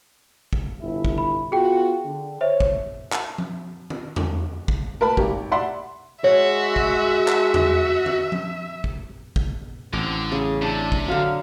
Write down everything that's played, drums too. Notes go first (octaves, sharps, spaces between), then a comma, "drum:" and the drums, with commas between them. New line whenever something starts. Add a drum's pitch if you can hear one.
drum: kick
G1 E4 E5
drum: kick
B5
B3 F4 F#4 G#4 G5
D3
C5 C#5 E5
drum: kick
drum: clap
drum: tom F3
drum: tom
drum: tom E2
drum: kick
A#4 B4 A5 B5
G#1 G4, drum: kick
D5 E5 F#5 B5 C6
G#3 F#4 C#5 E5
drum: kick
drum: clap
drum: tom E2
drum: tom
drum: tom F3
drum: kick
drum: kick
A1 D3 C4 D6
C#3 G#4
C3 D4 A5
drum: kick
D3 F#3 F5